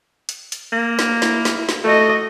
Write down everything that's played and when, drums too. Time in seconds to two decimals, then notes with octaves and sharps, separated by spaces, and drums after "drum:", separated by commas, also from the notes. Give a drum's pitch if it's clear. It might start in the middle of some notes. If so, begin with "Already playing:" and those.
0.29 drum: hi-hat
0.52 drum: hi-hat
0.72 A#3
0.99 drum: snare
1.22 E4, drum: snare
1.45 drum: snare
1.69 drum: snare
1.84 A3 F#4 D#5